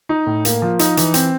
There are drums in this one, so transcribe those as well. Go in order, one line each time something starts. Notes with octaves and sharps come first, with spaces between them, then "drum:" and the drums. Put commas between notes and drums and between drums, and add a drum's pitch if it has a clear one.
D#4
A2
A#3, drum: hi-hat
F3
D#4, drum: hi-hat
E3, drum: hi-hat
C4, drum: hi-hat